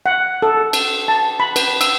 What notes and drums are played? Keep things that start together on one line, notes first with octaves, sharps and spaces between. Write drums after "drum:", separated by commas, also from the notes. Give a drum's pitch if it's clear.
F#5
A4
drum: cymbal
A5
B5
B4, drum: cymbal
E6, drum: cymbal